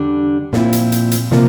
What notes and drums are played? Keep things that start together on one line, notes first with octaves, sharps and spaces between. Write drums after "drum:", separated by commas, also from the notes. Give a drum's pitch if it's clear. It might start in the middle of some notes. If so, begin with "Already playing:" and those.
Already playing: E2 D3 G3 D4
A#2 F3 C4 E4, drum: snare
drum: hi-hat
drum: hi-hat
drum: hi-hat
C3 F3 A#3, drum: snare